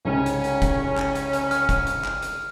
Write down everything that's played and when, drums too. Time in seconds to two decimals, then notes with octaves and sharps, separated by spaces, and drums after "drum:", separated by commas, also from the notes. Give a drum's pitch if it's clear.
0.05 C2 G#2 C#3 C#4
0.26 drum: hi-hat
0.44 drum: hi-hat
0.62 drum: kick, hi-hat
0.97 drum: clap
1.15 drum: hi-hat
1.33 drum: hi-hat
1.51 F6, drum: hi-hat
1.69 drum: kick, hi-hat
1.87 drum: hi-hat
2.05 drum: clap
2.22 drum: hi-hat